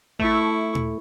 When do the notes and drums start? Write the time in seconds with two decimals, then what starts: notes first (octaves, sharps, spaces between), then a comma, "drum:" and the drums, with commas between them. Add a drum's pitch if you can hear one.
0.19 A3 E4 C#6, drum: kick A1
0.75 drum: tom A#2